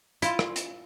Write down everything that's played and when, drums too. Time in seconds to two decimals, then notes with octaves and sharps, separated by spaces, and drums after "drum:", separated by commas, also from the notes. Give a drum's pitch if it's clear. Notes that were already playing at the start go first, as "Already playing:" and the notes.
0.22 E4 F4, drum: hi-hat
0.39 drum: rim click
0.56 drum: hi-hat